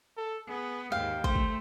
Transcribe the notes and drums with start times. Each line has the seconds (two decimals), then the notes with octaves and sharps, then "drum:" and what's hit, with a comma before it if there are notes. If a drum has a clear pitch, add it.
0.17 A4
0.48 B3 G#4
0.92 D#2 G#2 F5 G5
1.24 A3 C5, drum: kick
1.36 drum: kick